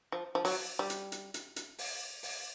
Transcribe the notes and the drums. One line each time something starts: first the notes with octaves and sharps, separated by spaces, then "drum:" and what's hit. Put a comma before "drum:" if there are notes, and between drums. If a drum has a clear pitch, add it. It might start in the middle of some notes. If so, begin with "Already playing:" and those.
F3
F3
F#3, drum: open hi-hat
G3
drum: hi-hat
drum: hi-hat
drum: hi-hat
drum: hi-hat
drum: open hi-hat
drum: open hi-hat